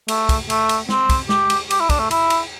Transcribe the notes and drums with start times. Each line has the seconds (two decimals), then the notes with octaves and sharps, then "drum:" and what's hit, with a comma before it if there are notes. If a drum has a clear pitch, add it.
0.08 A3, drum: cymbal
0.29 drum: kick, cymbal
0.50 A3, drum: cymbal
0.69 drum: cymbal
0.89 C4, drum: snare
1.09 drum: kick, cymbal
1.29 G4, drum: snare
1.50 drum: cymbal
1.70 G4, drum: cymbal
1.80 E4
1.89 D4, drum: kick, cymbal
1.99 A3
2.11 E4, drum: cymbal
2.30 drum: cymbal